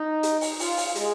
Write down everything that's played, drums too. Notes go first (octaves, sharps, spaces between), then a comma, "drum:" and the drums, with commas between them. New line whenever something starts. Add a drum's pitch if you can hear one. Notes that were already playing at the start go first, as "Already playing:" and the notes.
Already playing: D#4
drum: hi-hat
drum: open hi-hat
F4, drum: open hi-hat
drum: open hi-hat
G#3, drum: hi-hat